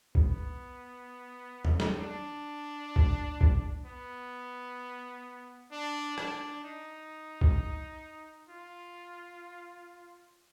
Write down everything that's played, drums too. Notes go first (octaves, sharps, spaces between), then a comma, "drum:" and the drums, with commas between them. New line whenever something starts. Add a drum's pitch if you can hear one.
B3, drum: kick
drum: tom E2
drum: snare
D4
drum: kick
drum: kick
B3
D4
D4, drum: rim click
D#4
drum: kick
F4